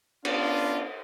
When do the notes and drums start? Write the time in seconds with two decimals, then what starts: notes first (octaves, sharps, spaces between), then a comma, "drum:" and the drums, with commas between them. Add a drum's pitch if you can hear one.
0.25 B3 C#4 D4 F4, drum: cymbal